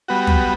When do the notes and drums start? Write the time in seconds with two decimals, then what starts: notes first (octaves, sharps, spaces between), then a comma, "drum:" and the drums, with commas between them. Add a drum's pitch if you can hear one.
0.08 G3 B3 F#4
0.27 drum: tom